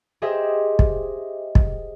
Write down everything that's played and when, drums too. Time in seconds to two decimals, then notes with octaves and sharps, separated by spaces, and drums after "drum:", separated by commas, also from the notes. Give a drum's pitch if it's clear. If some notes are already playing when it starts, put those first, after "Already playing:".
0.22 G4 G#4 C5 D#5 E5
0.79 drum: kick
1.55 drum: kick